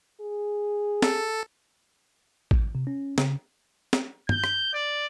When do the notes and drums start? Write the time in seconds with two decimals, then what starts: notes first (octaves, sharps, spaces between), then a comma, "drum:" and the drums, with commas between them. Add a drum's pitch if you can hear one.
0.21 G#4
1.02 A4, drum: snare
2.51 drum: kick
2.75 C3
2.87 C#4
3.18 C#3, drum: snare
3.93 drum: snare
4.29 G6, drum: tom
4.44 drum: rim click
4.74 D5